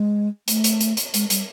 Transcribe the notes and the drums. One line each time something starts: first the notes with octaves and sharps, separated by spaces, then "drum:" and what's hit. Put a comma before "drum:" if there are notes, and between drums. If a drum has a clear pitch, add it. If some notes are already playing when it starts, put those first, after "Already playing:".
Already playing: G#3
A3, drum: hi-hat
drum: hi-hat
drum: hi-hat
drum: hi-hat
G#3, drum: hi-hat
G3, drum: hi-hat